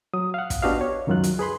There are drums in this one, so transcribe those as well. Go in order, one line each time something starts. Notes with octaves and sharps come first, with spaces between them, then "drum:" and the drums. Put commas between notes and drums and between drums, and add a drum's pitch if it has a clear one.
F#3 D#6
F5 F#5
drum: kick, hi-hat
B3 D4 F#4 G4 D#5 F5
C#5
C#2 F#2 D#3 F#3 F4 F#6
drum: hi-hat
G#4 B4 B5 C6